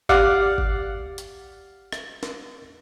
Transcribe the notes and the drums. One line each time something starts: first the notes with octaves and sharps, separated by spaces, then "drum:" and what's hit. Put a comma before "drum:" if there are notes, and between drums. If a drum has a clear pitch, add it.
G4 D5 F5 F#5, drum: kick G1
drum: kick G1
drum: hi-hat
drum: rim click
drum: snare